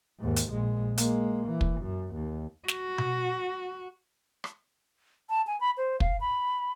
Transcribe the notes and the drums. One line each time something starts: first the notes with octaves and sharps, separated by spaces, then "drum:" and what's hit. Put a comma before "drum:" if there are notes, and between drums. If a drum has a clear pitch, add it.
D#2 G#2
drum: hi-hat
A#1 G#3
G#3 A#3, drum: hi-hat
E3
drum: kick
F#2
D#2
F#4, drum: snare
drum: tom B2
drum: rim click
A5
G#5
B5
C5
F5, drum: kick
B5